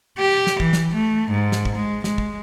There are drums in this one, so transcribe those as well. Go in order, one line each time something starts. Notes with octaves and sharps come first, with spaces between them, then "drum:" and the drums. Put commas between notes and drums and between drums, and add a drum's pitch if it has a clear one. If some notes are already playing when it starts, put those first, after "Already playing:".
G4
drum: snare
E3, drum: kick
drum: snare
A3
G#2
drum: snare
drum: kick
G#3
G#3, drum: snare
drum: kick